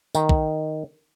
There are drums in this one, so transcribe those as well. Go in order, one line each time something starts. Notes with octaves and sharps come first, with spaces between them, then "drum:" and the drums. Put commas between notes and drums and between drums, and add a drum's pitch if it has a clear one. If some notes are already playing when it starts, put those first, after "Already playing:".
D#3, drum: tambourine
drum: kick